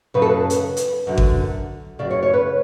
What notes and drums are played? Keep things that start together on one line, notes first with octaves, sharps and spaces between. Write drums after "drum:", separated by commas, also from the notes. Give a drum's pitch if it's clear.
F#2 C#3 B4
A4
B4
drum: hi-hat
drum: hi-hat
F#2 D3
drum: kick G#1
F#2 C#3 D5
C#5
C#5
B4